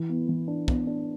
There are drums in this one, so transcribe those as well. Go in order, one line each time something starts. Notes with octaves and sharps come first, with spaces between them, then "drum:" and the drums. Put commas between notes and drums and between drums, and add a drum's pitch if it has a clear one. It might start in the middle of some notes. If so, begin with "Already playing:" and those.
Already playing: E3
B3
E3
D4
B3, drum: kick
D4